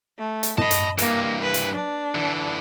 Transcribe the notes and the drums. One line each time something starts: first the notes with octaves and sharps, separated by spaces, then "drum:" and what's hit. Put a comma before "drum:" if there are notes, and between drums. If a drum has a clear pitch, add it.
A3
drum: hi-hat
D#5 A5 B5, drum: tom
drum: hi-hat
G2 E3 A#3, drum: hi-hat
B4
drum: hi-hat
D4
D3 E3